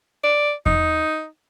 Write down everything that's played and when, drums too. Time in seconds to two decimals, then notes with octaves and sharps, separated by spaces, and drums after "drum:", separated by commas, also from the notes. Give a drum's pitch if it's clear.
0.23 D5
0.66 D#4, drum: kick E2